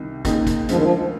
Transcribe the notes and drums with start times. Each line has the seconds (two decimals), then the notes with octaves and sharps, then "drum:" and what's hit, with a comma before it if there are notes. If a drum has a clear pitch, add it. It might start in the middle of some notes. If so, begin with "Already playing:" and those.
Already playing: C2 C3 D#3
0.25 D#2 D#3 A#3 D#4 G#4, drum: kick, hi-hat
0.47 drum: kick, hi-hat
0.69 D2 D3 F3 G#3, drum: hi-hat
0.76 D#3
0.83 F3